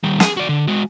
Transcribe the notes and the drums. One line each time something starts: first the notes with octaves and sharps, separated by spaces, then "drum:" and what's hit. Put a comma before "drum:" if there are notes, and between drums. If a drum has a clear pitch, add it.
D#3 G3
G#4, drum: snare
F#4 D5
D3
G#3 F#4